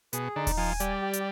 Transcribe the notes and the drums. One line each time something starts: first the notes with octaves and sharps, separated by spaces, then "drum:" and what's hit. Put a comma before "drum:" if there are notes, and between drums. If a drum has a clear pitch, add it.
B2 G#4, drum: hi-hat
D3 D#4
drum: kick D#1, open hi-hat
F3 G#5
G3 D5, drum: hi-hat
G4
drum: hi-hat